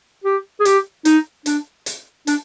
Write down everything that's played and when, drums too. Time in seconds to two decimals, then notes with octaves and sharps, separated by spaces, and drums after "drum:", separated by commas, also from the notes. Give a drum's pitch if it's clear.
0.24 G4
0.60 G#4
0.65 G4, drum: hi-hat
1.05 D#4, drum: hi-hat
1.46 D4, drum: hi-hat
1.86 drum: hi-hat
2.27 D4, drum: hi-hat